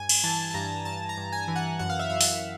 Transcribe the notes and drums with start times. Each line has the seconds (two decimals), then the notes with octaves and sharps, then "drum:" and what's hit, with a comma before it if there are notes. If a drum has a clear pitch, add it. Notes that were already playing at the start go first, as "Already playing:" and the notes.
Already playing: G2 G#5
0.09 drum: cymbal
0.24 E3 A5
0.51 A5
0.54 G2 A#5
0.85 G2 A5
1.09 A#5
1.18 G2
1.33 G#5
1.48 E3
1.56 F#5
1.79 F#2 F#5
1.90 F5
1.99 E5
2.10 F#2 F5
2.21 drum: open hi-hat